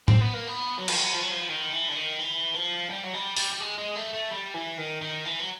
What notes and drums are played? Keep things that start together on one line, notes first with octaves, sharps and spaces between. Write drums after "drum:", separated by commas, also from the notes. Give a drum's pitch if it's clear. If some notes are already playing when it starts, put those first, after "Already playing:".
C4, drum: tom A2
B3
A#3
B3
F#3
F3, drum: cymbal
F#3
F3
F#3
F3
D#3
E3
D3
D#3
E3
F3
G3
F#3
G3
G3, drum: open hi-hat
G3
G#3
G#3
A3
A3
G3
E3
D#3
D#3
E3
F#3